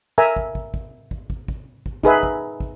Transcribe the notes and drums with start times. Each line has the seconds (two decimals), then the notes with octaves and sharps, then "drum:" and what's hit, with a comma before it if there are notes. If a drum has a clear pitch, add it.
0.18 A#4 E5 G#5 A#5
0.36 drum: kick
0.55 drum: kick
0.74 drum: kick
1.11 drum: kick
1.30 drum: kick
1.48 drum: kick
1.86 drum: kick
2.03 D#4 G#4 B4 E5, drum: kick
2.23 drum: kick
2.60 drum: kick